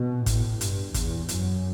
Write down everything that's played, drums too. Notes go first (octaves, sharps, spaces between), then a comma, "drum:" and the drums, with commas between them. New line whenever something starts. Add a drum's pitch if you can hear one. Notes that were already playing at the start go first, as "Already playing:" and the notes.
Already playing: B2
A2, drum: kick, hi-hat
G2, drum: hi-hat
E2, drum: kick, hi-hat
F#2, drum: hi-hat